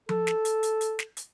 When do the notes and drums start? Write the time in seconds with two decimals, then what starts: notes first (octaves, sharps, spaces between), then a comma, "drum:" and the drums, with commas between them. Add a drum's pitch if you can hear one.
0.09 A4, drum: tom F3
0.27 drum: snare
0.45 drum: hi-hat
0.63 drum: hi-hat
0.81 drum: hi-hat
0.99 drum: snare
1.17 drum: hi-hat